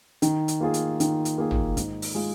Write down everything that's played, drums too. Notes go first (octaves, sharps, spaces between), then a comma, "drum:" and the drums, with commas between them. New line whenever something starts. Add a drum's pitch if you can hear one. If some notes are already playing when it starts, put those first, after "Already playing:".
D#3, drum: hi-hat
drum: hi-hat
A#3 F4 G#4
drum: hi-hat
D#3, drum: hi-hat
drum: hi-hat
A#3 F4 G#4
drum: tom
G#2, drum: kick, hi-hat
drum: open hi-hat
G#3 F4 G#4